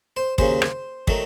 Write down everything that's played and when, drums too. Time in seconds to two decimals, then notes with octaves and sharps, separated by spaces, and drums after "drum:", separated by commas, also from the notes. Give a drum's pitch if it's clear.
0.17 C5
0.38 D#2 C#3 F#3 C5, drum: kick
0.62 drum: rim click
1.07 D#3 F#3 A3, drum: kick